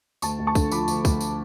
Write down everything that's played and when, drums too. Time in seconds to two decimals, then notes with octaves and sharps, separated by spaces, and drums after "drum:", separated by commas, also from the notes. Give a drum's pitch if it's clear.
0.22 D2 A5 C#6, drum: tambourine
0.39 D2
0.47 A5 C#6
0.55 D3, drum: kick, tambourine
0.71 F3 B5 D6, drum: tambourine
0.88 D2, drum: tambourine
1.05 D2, drum: kick, tambourine
1.21 drum: tambourine